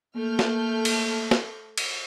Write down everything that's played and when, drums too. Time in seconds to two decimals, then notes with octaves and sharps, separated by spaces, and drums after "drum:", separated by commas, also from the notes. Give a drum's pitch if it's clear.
0.16 A3 A#3 F6 G6
0.39 drum: snare
0.85 drum: cymbal
1.31 drum: snare
1.78 drum: cymbal